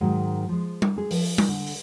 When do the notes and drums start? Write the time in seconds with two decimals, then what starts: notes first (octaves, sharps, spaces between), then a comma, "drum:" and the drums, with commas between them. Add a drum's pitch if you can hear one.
0.01 G#2 D#3 F#3 G#3
0.49 F3 G#3
0.82 drum: tom G3
0.96 G#3 G#4
1.11 F3, drum: open hi-hat
1.38 drum: tom G3
1.48 D3
1.66 drum: open hi-hat